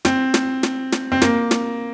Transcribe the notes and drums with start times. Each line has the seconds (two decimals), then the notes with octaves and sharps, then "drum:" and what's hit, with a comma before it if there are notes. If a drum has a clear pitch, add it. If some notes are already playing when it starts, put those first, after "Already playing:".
0.05 C4, drum: snare
0.34 drum: snare
0.63 drum: snare
0.92 drum: snare
1.12 C4
1.22 A#3, drum: snare
1.51 drum: snare